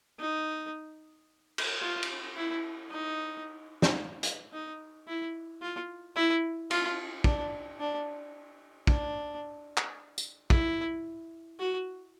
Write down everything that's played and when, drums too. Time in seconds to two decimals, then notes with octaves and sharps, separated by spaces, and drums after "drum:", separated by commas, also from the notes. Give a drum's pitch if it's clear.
0.19 D#4
1.58 drum: cymbal
1.82 F4
2.03 drum: cymbal
2.36 E4
2.91 D#4
3.82 drum: snare
4.23 drum: hi-hat
4.53 D#4
5.08 E4
5.62 F4
6.16 E4
6.70 F4, drum: cymbal
7.24 D4, drum: kick
7.80 D4
8.87 D4, drum: kick
9.77 drum: clap
10.18 drum: tambourine
10.50 E4, drum: kick
11.59 F#4